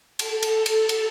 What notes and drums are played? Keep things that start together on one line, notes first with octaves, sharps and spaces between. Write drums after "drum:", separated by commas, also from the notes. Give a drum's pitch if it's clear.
A4, drum: cymbal
drum: cymbal
drum: cymbal
drum: cymbal